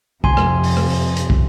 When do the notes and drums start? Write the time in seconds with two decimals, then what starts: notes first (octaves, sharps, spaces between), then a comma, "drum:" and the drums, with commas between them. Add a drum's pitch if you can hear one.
0.24 F2 C3 G#5 C6, drum: kick
0.37 drum: rim click
0.64 drum: open hi-hat
0.77 drum: rim click
0.90 drum: open hi-hat
1.17 drum: hi-hat
1.30 drum: kick